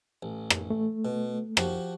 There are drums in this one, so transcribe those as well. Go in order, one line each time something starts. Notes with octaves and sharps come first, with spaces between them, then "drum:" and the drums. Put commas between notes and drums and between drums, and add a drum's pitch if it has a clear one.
A1
drum: rim click
A3
B2
F3 F#4 G4, drum: rim click